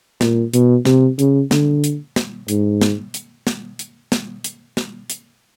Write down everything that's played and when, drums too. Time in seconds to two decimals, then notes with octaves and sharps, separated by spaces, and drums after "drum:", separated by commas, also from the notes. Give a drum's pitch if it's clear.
0.21 A#2, drum: snare
0.54 B2, drum: hi-hat
0.85 C3, drum: snare
1.19 C#3, drum: hi-hat
1.51 D3, drum: snare
1.84 drum: hi-hat
2.16 drum: snare
2.48 G#2, drum: hi-hat
2.81 drum: snare
3.14 drum: hi-hat
3.47 drum: snare
3.79 drum: hi-hat
4.12 drum: snare
4.44 drum: hi-hat
4.77 drum: snare
5.10 drum: hi-hat